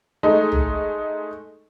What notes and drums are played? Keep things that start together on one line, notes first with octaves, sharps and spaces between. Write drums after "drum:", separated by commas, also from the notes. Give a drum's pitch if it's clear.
G#3 A3 D#4
drum: tom A#1